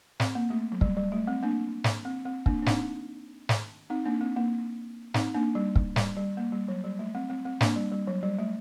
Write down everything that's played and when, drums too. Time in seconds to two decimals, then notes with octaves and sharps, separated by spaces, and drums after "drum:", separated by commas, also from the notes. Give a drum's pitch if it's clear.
0.20 C4, drum: snare
0.35 A#3
0.50 A3
0.72 F#3
0.81 G3, drum: kick
0.97 G3
1.12 A3
1.27 C4
1.43 A#3 D4
1.84 drum: snare
2.05 C4
2.25 C4
2.46 A#3 D4, drum: kick
2.62 D4
2.66 C4 D#4, drum: snare
3.49 drum: snare
3.90 C4 D#4
4.06 A#3 D4
4.21 C4
4.36 A#3
5.14 C4 D#4, drum: snare
5.34 A#3 D4
5.55 G3
5.76 drum: kick
5.96 G3, drum: snare
6.17 G3
6.37 A#3
6.53 G3
6.68 F#3
6.84 G3
6.99 A3
7.15 C4
7.30 C4
7.45 C4
7.61 A#3 D4, drum: snare
7.76 G3
7.92 G3
8.07 F#3
8.23 G3
8.39 A3